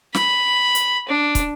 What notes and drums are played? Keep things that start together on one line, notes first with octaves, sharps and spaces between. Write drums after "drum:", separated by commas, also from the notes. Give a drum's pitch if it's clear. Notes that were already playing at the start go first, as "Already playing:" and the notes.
B5, drum: snare
drum: hi-hat
D4
drum: kick, hi-hat